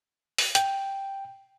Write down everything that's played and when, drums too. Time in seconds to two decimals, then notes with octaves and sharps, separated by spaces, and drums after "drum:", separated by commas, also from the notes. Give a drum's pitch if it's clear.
0.38 drum: open hi-hat
0.55 G5, drum: hi-hat